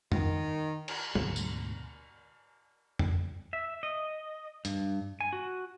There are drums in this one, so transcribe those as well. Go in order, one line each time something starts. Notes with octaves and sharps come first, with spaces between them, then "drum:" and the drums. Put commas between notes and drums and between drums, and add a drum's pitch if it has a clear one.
D#3, drum: tom F2
drum: cymbal
D2 G#2 B2 D3, drum: tom
drum: tambourine
drum: tom F2
E5
D#5
G2, drum: hi-hat
G#5
F#4